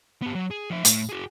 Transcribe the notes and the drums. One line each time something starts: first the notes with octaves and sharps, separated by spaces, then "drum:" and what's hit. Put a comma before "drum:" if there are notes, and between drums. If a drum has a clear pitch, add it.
B3 G4
F#3
G#4
F3 E5
A2, drum: hi-hat
F#4 G#4